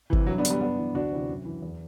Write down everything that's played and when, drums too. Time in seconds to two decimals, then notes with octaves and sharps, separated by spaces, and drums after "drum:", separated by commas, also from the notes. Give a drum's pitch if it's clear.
0.10 E3
0.13 C3, drum: kick G1
0.27 G2 F#3
0.38 B3 D4
0.45 D3, drum: hi-hat
0.50 G3 B3
0.61 G2 B3 D4
0.78 E3
0.94 D2 D4 F#4
1.12 C3 E3
1.29 F#2
1.45 E3
1.62 E2